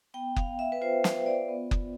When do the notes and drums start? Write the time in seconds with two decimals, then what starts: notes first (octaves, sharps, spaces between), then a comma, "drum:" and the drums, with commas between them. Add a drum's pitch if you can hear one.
0.14 B3 G5
0.36 F5, drum: kick F#1
0.48 B3
0.59 E5
0.72 B4
0.81 F4 C5
1.04 C5, drum: snare
1.15 F4
1.26 D5
1.49 B3
1.71 drum: kick F#1